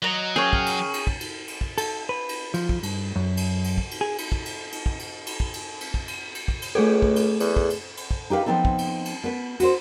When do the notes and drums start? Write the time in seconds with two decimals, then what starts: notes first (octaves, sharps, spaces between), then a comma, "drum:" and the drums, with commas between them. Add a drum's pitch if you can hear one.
0.02 F#3 D#5 A#5
0.36 C#4 G#4 A#4 C#5 F5 G5
0.53 drum: kick
0.66 drum: cymbal
0.93 drum: cymbal
1.07 drum: kick
1.21 drum: cymbal
1.48 drum: cymbal
1.61 drum: kick
1.78 A4, drum: cymbal
2.09 B4
2.29 drum: cymbal
2.54 F3, drum: cymbal
2.69 drum: kick
2.83 G2, drum: cymbal
3.16 F#2
3.37 drum: cymbal
3.64 drum: cymbal
3.78 drum: kick
3.91 drum: cymbal
4.01 G#4
4.18 drum: cymbal
4.32 drum: kick
4.45 drum: cymbal
4.72 drum: cymbal
4.86 drum: kick
4.99 drum: cymbal
5.26 drum: cymbal
5.40 drum: kick
5.54 drum: cymbal
5.81 drum: cymbal
5.94 drum: kick
6.08 drum: cymbal
6.35 drum: cymbal
6.48 drum: kick
6.62 drum: cymbal
6.75 C#2 A3 G#4 A4
7.02 drum: kick
7.16 drum: cymbal
7.40 E2, drum: cymbal
7.56 drum: kick
7.70 drum: cymbal
7.97 drum: cymbal
8.11 drum: kick
8.30 D#4 G4 B4 F5
8.46 F3 B3 C4 D#4 A4
8.65 drum: kick
8.78 drum: cymbal
9.05 drum: cymbal
9.24 B3 B4
9.60 F#4 C5, drum: cymbal